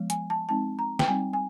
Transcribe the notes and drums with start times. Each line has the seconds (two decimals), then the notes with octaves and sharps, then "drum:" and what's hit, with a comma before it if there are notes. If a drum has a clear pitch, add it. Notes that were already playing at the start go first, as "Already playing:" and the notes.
Already playing: F3 G#3 B3
0.10 G#5, drum: hi-hat
0.30 A5
0.49 G#3 C4 D#4 A5
0.79 A#5
0.99 G5, drum: snare
1.08 G3 C4 D#4 G#5
1.33 G#5